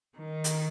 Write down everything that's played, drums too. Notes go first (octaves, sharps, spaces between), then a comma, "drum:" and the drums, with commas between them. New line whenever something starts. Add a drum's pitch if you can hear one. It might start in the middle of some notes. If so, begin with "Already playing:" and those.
D#3
drum: hi-hat